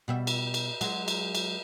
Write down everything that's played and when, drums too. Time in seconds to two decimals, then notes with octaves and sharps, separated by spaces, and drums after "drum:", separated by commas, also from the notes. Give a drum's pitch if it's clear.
0.08 B2 G3 E5
0.27 drum: cymbal
0.54 drum: cymbal
0.81 F#3 G#3, drum: cymbal
1.08 drum: cymbal
1.35 drum: cymbal